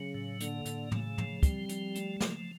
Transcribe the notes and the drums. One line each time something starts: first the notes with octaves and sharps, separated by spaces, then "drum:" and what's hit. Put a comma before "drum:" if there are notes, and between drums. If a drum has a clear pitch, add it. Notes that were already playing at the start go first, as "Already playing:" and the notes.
Already playing: C#3 F#3
A2
D3 A#3, drum: hi-hat
A2, drum: hi-hat
C#3 A3, drum: tom
F3, drum: tom
G3 C4, drum: kick, hi-hat
F3, drum: hi-hat
A3, drum: hi-hat
F3, drum: snare